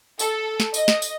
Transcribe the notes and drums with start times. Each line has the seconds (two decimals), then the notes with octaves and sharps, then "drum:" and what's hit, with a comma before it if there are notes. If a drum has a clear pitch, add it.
0.19 A4, drum: tambourine
0.60 drum: snare
0.74 D#5, drum: tambourine
0.88 drum: snare
1.02 drum: tambourine